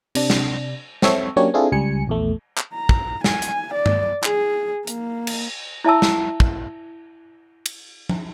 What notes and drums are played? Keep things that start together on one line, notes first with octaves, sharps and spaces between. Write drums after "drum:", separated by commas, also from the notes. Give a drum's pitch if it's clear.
C3 D4, drum: cymbal
drum: snare
C4 A4 C#5 E5, drum: snare
F#3 A#3 C#4 D4 G4 C#5
C4 D4 E4 F4 G#4 A4
C#2 G3 G#5 C#7
A#1 E2 A3
drum: clap
A#5
drum: kick
G#5, drum: snare
drum: hi-hat
D5
drum: tom G2
G#4, drum: clap
A#3, drum: hi-hat
drum: cymbal
E4 E5 A5 E6
drum: snare
drum: kick
drum: cymbal
drum: tom F3